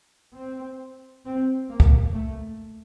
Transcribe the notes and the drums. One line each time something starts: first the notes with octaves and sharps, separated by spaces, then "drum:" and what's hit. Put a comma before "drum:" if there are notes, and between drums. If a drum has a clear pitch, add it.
C4
C4
A#3
drum: kick C#2
A3